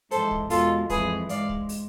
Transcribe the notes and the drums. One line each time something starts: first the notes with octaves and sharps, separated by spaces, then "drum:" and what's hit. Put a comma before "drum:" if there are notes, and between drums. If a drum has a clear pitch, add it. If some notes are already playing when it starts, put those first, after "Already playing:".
G#2 E3 G#3 A4 C5, drum: hi-hat
drum: kick
E2 B2 G#3 F4 A4, drum: open hi-hat
F2 E3 G#3 G#4 B4, drum: kick, hi-hat
G#2 G#3 D5 F5, drum: hi-hat
drum: kick
drum: open hi-hat